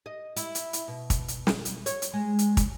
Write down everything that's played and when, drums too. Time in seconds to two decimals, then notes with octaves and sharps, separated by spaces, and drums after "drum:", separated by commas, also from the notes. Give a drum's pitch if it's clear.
0.06 D#5
0.36 E4, drum: hi-hat
0.55 drum: hi-hat
0.73 drum: hi-hat
0.88 B2
1.10 drum: kick, hi-hat
1.28 drum: hi-hat
1.47 drum: snare
1.65 drum: hi-hat
1.86 C#5, drum: hi-hat
2.02 drum: hi-hat
2.13 G#3
2.39 drum: hi-hat
2.57 drum: kick, hi-hat